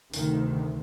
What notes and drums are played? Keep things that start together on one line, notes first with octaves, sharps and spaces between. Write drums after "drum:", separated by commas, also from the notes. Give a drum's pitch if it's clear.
D2 C3 D#3, drum: open hi-hat